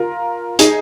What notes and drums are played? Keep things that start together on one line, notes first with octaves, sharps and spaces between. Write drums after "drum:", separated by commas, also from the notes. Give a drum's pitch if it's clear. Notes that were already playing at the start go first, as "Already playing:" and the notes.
Already playing: F4 A#4
D#4 G#4, drum: hi-hat